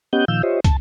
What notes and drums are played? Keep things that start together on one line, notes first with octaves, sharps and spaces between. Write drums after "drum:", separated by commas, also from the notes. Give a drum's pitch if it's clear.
B3 C#4 G4 D#5 F#5 G6
A#2 D#3 F3 F5 E6 G6
F4 G4 C5 C#5 D#5 E5
A5, drum: kick, hi-hat